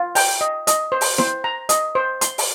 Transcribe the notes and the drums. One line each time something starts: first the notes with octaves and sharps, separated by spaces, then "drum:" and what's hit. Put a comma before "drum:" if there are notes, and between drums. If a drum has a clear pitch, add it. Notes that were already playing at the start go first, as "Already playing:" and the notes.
Already playing: F4
G5, drum: open hi-hat
D#5
D#5, drum: hi-hat
C5
drum: open hi-hat
C5, drum: snare E4
A#5
D#5, drum: hi-hat
C5
C6, drum: hi-hat
drum: open hi-hat